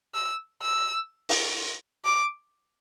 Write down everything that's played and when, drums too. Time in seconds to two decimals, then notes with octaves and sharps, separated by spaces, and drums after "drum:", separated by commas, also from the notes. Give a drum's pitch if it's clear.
0.15 E6
0.62 E6
1.29 drum: open hi-hat
2.05 D6